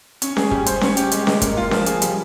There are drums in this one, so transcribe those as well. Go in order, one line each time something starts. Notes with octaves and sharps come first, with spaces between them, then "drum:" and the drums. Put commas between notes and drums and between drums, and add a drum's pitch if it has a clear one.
C#4, drum: hi-hat
G#4, drum: snare C#4
G3, drum: kick
C5, drum: hi-hat
C#4, drum: snare C#4
G4, drum: hi-hat
G#3, drum: hi-hat
G#3, drum: snare C#4
A#3, drum: kick, hi-hat
F4
F3, drum: snare C#4
G#4, drum: hi-hat
G3, drum: hi-hat